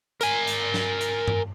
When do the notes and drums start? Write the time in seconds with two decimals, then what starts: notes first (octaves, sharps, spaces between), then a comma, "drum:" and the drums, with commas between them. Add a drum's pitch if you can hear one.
0.21 A#4 G#5, drum: hi-hat
0.47 drum: hi-hat
0.74 drum: snare
1.01 drum: hi-hat
1.28 drum: tom G2